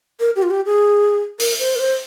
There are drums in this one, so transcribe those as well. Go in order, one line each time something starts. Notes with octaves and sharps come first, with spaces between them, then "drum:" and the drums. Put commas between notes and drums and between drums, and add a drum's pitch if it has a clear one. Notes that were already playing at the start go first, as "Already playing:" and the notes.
A#4
G4
F4
G4
G#4
A#4, drum: open hi-hat
C5
A#4
C5